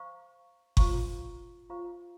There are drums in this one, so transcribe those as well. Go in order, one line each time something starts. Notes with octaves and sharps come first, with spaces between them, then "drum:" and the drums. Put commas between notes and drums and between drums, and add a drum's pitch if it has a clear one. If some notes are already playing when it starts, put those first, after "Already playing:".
Already playing: C5 F5 A#5 C#6
F4 C5 F5 A#5 C#6, drum: kick F#1
F4 C5 F5 A#5 C#6